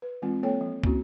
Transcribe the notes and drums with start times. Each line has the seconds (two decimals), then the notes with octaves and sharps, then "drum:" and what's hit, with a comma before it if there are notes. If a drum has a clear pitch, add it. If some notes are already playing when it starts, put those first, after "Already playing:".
0.02 B4
0.22 E3 G#3 C4 F4
0.43 A#3 C4 A4 C#5 G5
0.61 F3
0.84 A#3 C4 C#4 E4 F#4, drum: kick